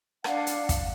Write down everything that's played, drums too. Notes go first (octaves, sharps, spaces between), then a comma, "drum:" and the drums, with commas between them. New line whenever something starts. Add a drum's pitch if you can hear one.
D4 F5 F#5, drum: rim click
drum: hi-hat
drum: kick, hi-hat